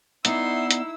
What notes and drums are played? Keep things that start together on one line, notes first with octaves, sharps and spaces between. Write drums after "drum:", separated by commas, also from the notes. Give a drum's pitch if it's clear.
B3 D#4 E4 D5 E5 C6 E6, drum: hi-hat
drum: hi-hat